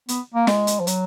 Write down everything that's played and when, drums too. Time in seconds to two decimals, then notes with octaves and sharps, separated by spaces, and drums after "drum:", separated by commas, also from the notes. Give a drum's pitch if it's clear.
0.09 B3, drum: hi-hat
0.34 A#3
0.47 G#3, drum: snare
0.67 drum: hi-hat
0.80 F3
0.87 F#3, drum: hi-hat